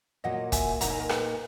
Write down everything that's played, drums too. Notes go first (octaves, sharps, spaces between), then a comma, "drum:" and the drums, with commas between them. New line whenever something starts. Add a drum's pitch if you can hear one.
A#2 F#3 A#3 D#5 F#5
E5 G#5, drum: kick, hi-hat
A#2 A#3 D#4 F#5 A#5, drum: hi-hat
E5 G#5
A#4
B4, drum: rim click